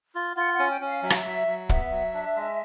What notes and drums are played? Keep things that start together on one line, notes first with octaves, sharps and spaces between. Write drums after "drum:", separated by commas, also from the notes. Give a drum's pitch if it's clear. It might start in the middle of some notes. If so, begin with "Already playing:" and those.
F4
F4 F#5
F#5
C#4
G5
C#4
F5
F#3 E5
F5, drum: rim click
E5
F#3
F#3
B3 E5, drum: kick
F#3
D4
G#3